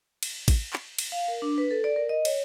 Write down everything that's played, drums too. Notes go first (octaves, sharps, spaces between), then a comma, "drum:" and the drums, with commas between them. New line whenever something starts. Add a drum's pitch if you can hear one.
drum: cymbal
drum: kick A1, cymbal
drum: clap
drum: cymbal
F5
A#4
D4
B4
A4
D5
A#4
D#5
C#5, drum: cymbal